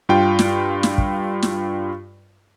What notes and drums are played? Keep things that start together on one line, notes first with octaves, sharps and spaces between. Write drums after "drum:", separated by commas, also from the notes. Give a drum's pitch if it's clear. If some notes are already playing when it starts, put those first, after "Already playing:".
G2 F4 G5
drum: snare
drum: snare
drum: kick
drum: snare